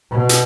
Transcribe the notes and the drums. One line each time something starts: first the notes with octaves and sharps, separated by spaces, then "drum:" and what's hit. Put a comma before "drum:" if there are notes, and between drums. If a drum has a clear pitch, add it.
B2
drum: hi-hat